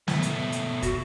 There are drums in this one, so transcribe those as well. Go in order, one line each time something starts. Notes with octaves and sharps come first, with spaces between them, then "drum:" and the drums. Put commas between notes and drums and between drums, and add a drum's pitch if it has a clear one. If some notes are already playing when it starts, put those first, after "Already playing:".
B2 A3, drum: snare
drum: hi-hat
drum: hi-hat
F#4, drum: kick, hi-hat